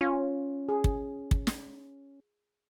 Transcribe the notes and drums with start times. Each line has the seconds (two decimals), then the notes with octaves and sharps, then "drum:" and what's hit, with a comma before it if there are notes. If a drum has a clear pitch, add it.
0.01 C#4 F4
0.69 G#4
0.84 drum: kick
1.31 drum: kick
1.47 drum: snare